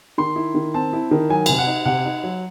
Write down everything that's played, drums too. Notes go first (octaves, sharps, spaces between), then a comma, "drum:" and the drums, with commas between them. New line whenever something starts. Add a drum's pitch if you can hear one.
D#3 C6
E4
D#3
C4 A5
E4
D#3
F#3 G#5
C3 G#5, drum: cymbal
F#5
D#4
C3 F#5
D#4
F#3